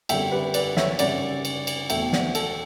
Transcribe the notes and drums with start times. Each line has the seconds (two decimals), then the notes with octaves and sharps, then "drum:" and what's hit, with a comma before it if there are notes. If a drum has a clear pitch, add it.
0.09 F#2 D3 G3 E5 G5, drum: cymbal
0.31 G4 B4
0.54 B4 D5, drum: cymbal
0.77 C#5 E5, drum: snare
0.99 F#2 C#3 G3 D5 F#5, drum: cymbal
1.45 drum: cymbal
1.67 drum: cymbal
1.90 E1 E2 B2 A3 E5 G5, drum: cymbal
2.13 D5 F#5, drum: snare
2.35 A4, drum: cymbal